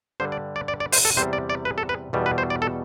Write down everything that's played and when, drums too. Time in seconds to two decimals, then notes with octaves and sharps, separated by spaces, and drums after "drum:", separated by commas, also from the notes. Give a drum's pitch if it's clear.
0.20 G2 D3 G3 C5
0.32 D5
0.56 D5
0.68 D5
0.80 D5
0.92 C5, drum: open hi-hat
1.05 A4
1.16 E2 C3 G3 C5
1.33 D5
1.50 D5
1.65 B4
1.78 A4
1.89 B4
2.13 E2 B2 G3
2.26 B4
2.38 C5
2.50 D5
2.62 A4